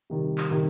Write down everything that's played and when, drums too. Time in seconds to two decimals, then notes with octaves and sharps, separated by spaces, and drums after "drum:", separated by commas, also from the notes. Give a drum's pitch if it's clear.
0.10 C3 D#3 G3
0.38 drum: clap
0.50 C3 D#3 G3